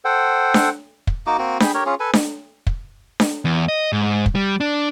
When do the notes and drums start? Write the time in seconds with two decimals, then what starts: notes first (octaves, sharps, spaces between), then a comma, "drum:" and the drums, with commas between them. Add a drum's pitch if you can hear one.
0.05 A4 C5 F#5 G5
0.54 drum: snare D4
1.07 drum: kick
1.27 A#3 D#4 F#4 D6
1.38 A#3 C4 F#4
1.60 G#4 G5 B5, drum: snare D4
1.74 G4 A#4 C#5
1.86 C#4 F4 G#4
2.00 A4 B4 G#5
2.13 drum: snare D4
2.67 drum: kick
3.20 drum: snare D4
3.45 E2
3.68 D#5
3.92 G#2
4.26 drum: kick
4.35 G3
4.60 D4